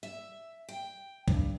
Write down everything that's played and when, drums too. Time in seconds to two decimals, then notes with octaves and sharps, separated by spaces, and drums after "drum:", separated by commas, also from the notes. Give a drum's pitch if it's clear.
0.03 E5
0.69 G5
1.28 G2, drum: kick